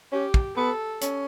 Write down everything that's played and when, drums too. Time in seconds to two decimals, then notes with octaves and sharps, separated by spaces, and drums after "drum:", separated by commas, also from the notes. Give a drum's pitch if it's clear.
0.12 C#4 G4
0.34 drum: kick
0.57 B3 A4
1.01 C#4, drum: hi-hat